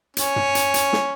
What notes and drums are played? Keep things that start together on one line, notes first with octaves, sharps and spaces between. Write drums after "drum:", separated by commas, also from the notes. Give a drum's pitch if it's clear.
C#4, drum: hi-hat
drum: tom
drum: hi-hat
drum: hi-hat
drum: snare